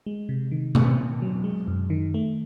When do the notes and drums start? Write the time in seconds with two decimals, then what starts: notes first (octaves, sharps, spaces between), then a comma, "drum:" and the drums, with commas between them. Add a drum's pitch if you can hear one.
0.06 G#3
0.29 C3
0.51 D#3
0.75 A#3, drum: tom B2
0.99 B2
1.22 F#3
1.44 G#3
1.68 F#2
1.90 D#3
2.14 A3